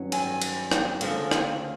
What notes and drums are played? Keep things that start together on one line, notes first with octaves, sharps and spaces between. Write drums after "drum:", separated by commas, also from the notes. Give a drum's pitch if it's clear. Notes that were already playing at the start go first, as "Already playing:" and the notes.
Already playing: G2 D#3 F#3 C#4
G#5, drum: cymbal
drum: cymbal
drum: rim click
D2 C#3 F3 A#3, drum: cymbal
drum: rim click